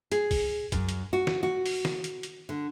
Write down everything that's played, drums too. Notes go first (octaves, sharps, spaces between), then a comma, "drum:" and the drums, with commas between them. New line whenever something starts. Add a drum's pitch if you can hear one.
G#4, drum: hi-hat
drum: kick A#1, open hi-hat
F#2, drum: kick A#1, hi-hat
drum: hi-hat
F#4
drum: snare
F#4
drum: open hi-hat
drum: snare
drum: hi-hat
drum: hi-hat
D3